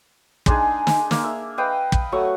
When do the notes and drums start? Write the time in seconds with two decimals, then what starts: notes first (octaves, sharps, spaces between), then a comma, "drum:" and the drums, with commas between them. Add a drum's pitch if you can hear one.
0.46 G#3 D4 D#4 G#4, drum: kick
0.87 drum: snare
1.11 A#3, drum: snare
1.24 E5
1.58 B4 D#5 F5 G5
1.92 drum: kick
2.12 F#3 A3 F#5 C#6